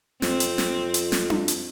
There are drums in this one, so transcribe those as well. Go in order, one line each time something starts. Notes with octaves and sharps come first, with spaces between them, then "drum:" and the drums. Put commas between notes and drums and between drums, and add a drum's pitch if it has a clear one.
F2 C4, drum: snare
drum: hi-hat
drum: snare
drum: hi-hat
drum: snare
drum: tom D4
drum: hi-hat